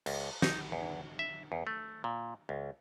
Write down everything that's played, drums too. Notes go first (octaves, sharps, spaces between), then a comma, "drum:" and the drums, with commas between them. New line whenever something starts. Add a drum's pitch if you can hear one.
C#2, drum: cymbal
D#4, drum: snare
E2
E5
E2
A3
A#2
C#2